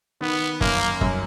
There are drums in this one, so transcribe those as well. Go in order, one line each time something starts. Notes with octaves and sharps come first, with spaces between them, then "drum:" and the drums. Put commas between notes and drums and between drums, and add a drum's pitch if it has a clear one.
D#3 B3
F#2 A#3, drum: kick
F#2, drum: kick